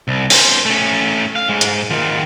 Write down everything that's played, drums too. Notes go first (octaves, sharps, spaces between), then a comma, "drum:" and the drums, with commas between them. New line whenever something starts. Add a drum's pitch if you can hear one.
C2
C#4 C5, drum: open hi-hat
A3 C#4
F5
G#2 G#3
drum: hi-hat
D#3 F4